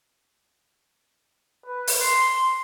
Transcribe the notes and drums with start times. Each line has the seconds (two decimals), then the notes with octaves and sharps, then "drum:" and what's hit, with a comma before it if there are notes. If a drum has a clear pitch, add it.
1.66 B4
1.87 drum: open hi-hat
2.01 C6